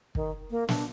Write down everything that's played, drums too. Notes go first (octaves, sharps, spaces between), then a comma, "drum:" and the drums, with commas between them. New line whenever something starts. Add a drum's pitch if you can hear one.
D#3, drum: kick
A#3
D4, drum: snare